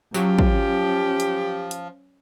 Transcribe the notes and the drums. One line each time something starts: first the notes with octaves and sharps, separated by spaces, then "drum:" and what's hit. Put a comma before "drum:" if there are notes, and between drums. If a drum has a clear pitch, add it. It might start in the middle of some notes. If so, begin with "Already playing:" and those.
F3 F#3 C#4 G4, drum: tambourine
drum: kick
drum: hi-hat
drum: hi-hat